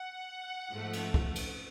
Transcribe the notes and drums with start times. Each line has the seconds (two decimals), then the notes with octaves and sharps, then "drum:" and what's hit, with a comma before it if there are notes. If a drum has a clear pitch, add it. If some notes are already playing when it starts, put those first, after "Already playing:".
Already playing: F#5
0.72 G#2 F3 A3
0.93 drum: cymbal
1.14 drum: kick
1.35 drum: cymbal